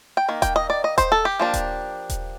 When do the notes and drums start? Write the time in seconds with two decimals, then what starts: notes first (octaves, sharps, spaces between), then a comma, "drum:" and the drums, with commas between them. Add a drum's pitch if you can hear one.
0.17 G5
0.29 D#3 A#3
0.42 G5, drum: kick D#1, hi-hat
0.56 D#5
0.70 D5
0.84 D#5
0.98 C5, drum: kick D#1, hi-hat
1.12 A4
1.25 G4
1.40 F3 A#3 D4
1.54 drum: kick D#1, hi-hat
2.09 drum: kick D#1, hi-hat